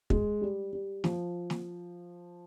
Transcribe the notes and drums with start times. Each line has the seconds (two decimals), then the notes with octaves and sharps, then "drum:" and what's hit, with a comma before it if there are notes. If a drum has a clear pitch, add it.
0.10 G#3, drum: kick
0.42 G3
0.73 G3
1.04 F3, drum: snare
1.50 drum: snare